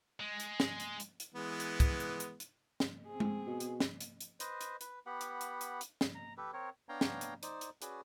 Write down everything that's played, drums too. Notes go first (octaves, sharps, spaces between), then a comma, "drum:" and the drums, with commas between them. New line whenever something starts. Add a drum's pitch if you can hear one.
G#3
drum: hi-hat
drum: snare
drum: hi-hat
drum: hi-hat
drum: hi-hat
E3 G#3 B3
drum: hi-hat
drum: kick, hi-hat
drum: hi-hat
drum: hi-hat
drum: hi-hat
drum: snare
C4 G#4
drum: tom G#3
B2
drum: hi-hat
drum: snare
drum: hi-hat
drum: hi-hat
B4 C5 D#5, drum: hi-hat
drum: hi-hat
B4, drum: hi-hat
B3 G4 F#5 B5
drum: hi-hat
drum: hi-hat
drum: hi-hat
drum: hi-hat
drum: snare
A#5
G4 A4 B4
C4 A#4 C#5
B3 D4 C#5 F5 G5 A#5
drum: snare
drum: hi-hat
D#4 C5 D5, drum: hi-hat
drum: hi-hat
C#4 F#4 G#4 B4 D5, drum: hi-hat